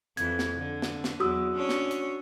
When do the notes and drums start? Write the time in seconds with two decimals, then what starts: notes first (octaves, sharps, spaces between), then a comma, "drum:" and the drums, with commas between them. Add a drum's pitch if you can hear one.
0.17 F2 E3 G#6, drum: hi-hat
0.39 drum: snare
0.57 D3
0.82 drum: snare
1.04 drum: snare
1.20 E2 F#3 F#4 D#6 E6
1.55 C#4 D4 C#5
1.69 drum: snare
1.91 drum: hi-hat